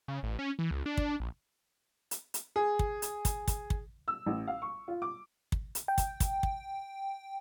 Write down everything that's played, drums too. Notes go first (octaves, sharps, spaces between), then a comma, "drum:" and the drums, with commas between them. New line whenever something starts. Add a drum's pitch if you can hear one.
C#3
A1
C#4
E3
C#2
D4
drum: kick
A#1
drum: hi-hat
drum: hi-hat
G#4
drum: kick
drum: hi-hat
drum: kick, hi-hat
drum: kick, hi-hat
drum: kick
E6
A1
F5
C#6
F4
D6
drum: kick
drum: hi-hat
G5
drum: kick, hi-hat
drum: kick, hi-hat
drum: kick